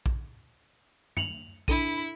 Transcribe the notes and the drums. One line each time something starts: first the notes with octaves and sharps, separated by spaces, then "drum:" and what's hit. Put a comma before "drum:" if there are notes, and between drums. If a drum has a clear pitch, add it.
drum: kick A#1
C#7 F7 F#7, drum: tom F#2
D4 E4 A4 B5 D#7, drum: kick A#1